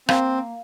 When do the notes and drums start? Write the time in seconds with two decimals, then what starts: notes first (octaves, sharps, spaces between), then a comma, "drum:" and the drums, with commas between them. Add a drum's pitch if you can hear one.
0.09 A#3 C4, drum: rim click